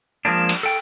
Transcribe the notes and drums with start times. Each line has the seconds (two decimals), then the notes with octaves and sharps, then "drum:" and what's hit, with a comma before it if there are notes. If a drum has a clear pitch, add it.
0.25 F3 G#3 A#3 D4
0.49 drum: cymbal
0.63 A4 G5